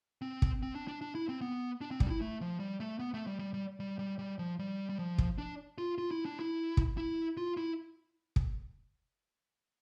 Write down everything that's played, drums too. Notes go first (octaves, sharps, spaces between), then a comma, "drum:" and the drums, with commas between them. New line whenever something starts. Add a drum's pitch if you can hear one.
C4
drum: kick
C4
D4
D4
D4
E4
C4
B3
D4
C4
G3, drum: kick
D4
E4
A3
F3
G3
A3
B3
A3
G3
G3
G3
G3
G3
G3
F3
G3
G3
F3
drum: kick
D4
F4
F4
E4
D4
E4
drum: kick
E4
F4
E4
drum: kick